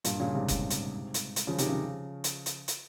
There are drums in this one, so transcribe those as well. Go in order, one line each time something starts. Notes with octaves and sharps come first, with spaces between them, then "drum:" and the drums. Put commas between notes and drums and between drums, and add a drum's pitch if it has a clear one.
G2 A#2, drum: hi-hat
A#2 C#3
G#2 C3
drum: kick F#1, hi-hat
drum: hi-hat
drum: hi-hat
drum: hi-hat
C#3 F3
C3 D#3, drum: hi-hat
C#3 F3
drum: hi-hat
drum: hi-hat
drum: hi-hat